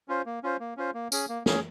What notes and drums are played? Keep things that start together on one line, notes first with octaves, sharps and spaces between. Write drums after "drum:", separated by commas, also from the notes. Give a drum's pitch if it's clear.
C#4 F4 C5
A#3
C#4 F4 C5
A#3
C#4 F4 C5
A#3
C#4 G#4, drum: tambourine
A#3
C#4 G#4, drum: snare